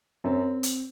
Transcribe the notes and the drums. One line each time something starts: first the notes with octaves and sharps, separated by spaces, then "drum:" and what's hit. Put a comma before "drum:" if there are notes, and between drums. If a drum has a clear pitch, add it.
F#2 C4
drum: hi-hat